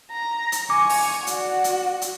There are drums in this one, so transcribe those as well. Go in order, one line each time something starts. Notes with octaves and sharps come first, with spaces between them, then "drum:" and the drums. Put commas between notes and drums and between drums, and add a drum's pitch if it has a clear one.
A#5
drum: hi-hat
G#5 C#6 D6
drum: open hi-hat
F#4 D5 F#5, drum: hi-hat
drum: hi-hat
drum: hi-hat